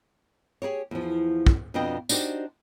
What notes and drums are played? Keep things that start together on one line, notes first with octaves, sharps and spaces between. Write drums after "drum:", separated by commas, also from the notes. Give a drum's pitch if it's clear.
G4 G#4 A#4 C#5
E2 F3
drum: kick
F2 B2 B3 D4 D#5 G5
D4 D#4 F#4 G4 C5, drum: tambourine